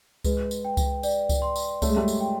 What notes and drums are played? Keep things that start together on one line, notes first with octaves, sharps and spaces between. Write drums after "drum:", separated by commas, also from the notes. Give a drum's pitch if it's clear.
G#3 B4, drum: kick C#2, tambourine
drum: tambourine
G5
drum: kick C#2, tambourine
D5, drum: tambourine
drum: kick C#2, tambourine
C6
drum: tambourine
A3 C#5, drum: kick C#2, tambourine
G#3
G3 A3
drum: tambourine
G5